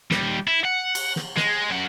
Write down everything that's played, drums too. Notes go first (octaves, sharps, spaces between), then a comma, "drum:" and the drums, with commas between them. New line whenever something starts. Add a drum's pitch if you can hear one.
D#2 G3, drum: snare
E4
F#5
drum: cymbal
drum: snare
G#3, drum: snare
F#2 F#5